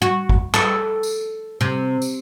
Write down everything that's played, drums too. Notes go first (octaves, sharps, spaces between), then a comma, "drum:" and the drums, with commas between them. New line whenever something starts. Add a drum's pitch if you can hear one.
F#4
drum: kick G#1
A4, drum: clap
drum: tambourine
C3
drum: tambourine